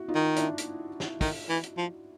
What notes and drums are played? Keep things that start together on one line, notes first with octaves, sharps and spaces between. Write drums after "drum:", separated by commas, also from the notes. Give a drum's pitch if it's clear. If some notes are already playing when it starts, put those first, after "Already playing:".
Already playing: E4 F#4
D#4 F4
D#3
D4 E4, drum: hi-hat
drum: hi-hat
drum: snare
D#3, drum: kick, open hi-hat
E3
drum: hi-hat
F3